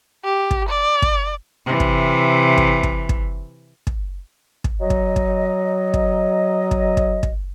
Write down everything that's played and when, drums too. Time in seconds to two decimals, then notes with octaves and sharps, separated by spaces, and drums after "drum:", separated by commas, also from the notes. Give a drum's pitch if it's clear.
0.25 G4
0.51 drum: kick
0.69 D5
1.02 drum: kick
1.66 C3 E3
1.80 drum: kick
2.57 drum: kick
2.83 drum: kick
3.09 drum: kick
3.87 drum: kick
4.64 drum: kick
4.81 F#3 D#5
4.90 drum: kick
5.16 drum: kick
5.94 drum: kick
6.71 drum: kick
6.97 drum: kick
7.23 drum: kick